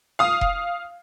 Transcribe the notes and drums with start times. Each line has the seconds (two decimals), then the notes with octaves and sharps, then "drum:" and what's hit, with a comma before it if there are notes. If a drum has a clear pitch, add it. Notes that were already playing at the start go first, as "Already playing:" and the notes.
0.19 F5 D#6
0.41 drum: kick F1